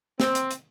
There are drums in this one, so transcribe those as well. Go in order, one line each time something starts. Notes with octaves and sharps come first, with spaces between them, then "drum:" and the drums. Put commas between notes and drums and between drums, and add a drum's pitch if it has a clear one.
C4, drum: snare
drum: hi-hat
drum: hi-hat